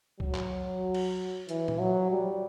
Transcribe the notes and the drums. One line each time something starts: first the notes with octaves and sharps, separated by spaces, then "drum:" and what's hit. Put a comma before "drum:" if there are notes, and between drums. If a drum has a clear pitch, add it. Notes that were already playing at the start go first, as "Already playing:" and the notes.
F#3, drum: kick C2
drum: clap
drum: cymbal
E3, drum: hi-hat
drum: tom A#2
F#3
G3